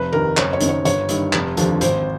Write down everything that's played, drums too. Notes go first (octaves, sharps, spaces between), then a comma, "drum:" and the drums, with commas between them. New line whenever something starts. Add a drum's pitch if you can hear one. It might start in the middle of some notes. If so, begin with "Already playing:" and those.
Already playing: F1 B4
D#2 D#3 A#4
F#1 C#5, drum: clap
C#5
F#2 D#3, drum: hi-hat
C#5
G1 C#5, drum: hi-hat
G2 D#3, drum: hi-hat
F1, drum: clap
D#2 D3 F3, drum: hi-hat
G#1 C5, drum: hi-hat